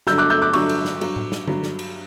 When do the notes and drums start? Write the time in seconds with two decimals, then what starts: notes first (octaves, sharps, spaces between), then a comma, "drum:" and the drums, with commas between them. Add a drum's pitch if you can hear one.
0.07 G2 D3 F#3 E6 G6, drum: snare
0.18 D6 F#6
0.30 E6 G6
0.42 D6 F#6
0.53 G2 D3 F#3 C#6 E6, drum: cymbal
0.69 drum: cymbal
0.85 drum: snare
1.01 G2 F#3, drum: cymbal
1.16 drum: tom A2
1.32 drum: snare
1.47 G2 F#3, drum: tom
1.63 drum: snare
1.79 drum: cymbal